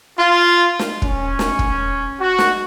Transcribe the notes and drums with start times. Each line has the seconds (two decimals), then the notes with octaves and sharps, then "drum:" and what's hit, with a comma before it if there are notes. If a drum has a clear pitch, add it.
0.17 F4
0.79 drum: snare
1.02 C#4, drum: kick
1.39 drum: snare
1.59 drum: kick
2.19 F#4
2.38 drum: snare